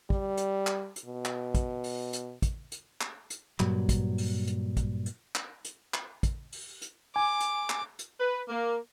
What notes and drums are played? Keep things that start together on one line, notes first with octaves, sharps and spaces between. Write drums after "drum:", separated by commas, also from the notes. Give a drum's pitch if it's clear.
G3, drum: kick
drum: hi-hat
drum: clap
drum: hi-hat
B2
drum: clap
drum: kick, hi-hat
drum: open hi-hat
drum: hi-hat
drum: kick, hi-hat
drum: hi-hat
drum: clap
drum: hi-hat
G2 A#2 F#3, drum: clap
drum: kick, hi-hat
drum: open hi-hat
drum: hi-hat
drum: kick, hi-hat
drum: hi-hat
drum: clap
drum: hi-hat
drum: clap
drum: kick, hi-hat
drum: open hi-hat
drum: hi-hat
G#5 D6
drum: hi-hat
drum: clap
drum: hi-hat
B4
A#3